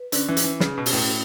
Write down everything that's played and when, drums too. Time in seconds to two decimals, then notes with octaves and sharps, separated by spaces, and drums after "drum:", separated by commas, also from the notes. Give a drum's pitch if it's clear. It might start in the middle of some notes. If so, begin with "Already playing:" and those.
Already playing: B4
0.12 D3 C#4, drum: hi-hat
0.28 E3
0.37 C#4, drum: hi-hat
0.44 E3
0.60 C#3 B4, drum: snare
0.78 B2
0.86 F#4, drum: open hi-hat
0.93 A2